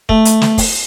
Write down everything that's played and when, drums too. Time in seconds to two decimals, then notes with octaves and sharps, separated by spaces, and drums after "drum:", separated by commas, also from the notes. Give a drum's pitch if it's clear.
0.09 A3, drum: kick
0.25 drum: hi-hat
0.42 drum: snare
0.58 drum: kick, open hi-hat